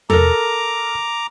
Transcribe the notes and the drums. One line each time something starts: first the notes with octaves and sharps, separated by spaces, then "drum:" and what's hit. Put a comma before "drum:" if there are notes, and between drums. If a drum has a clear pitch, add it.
A4 A#4 A#5 D6, drum: tom E2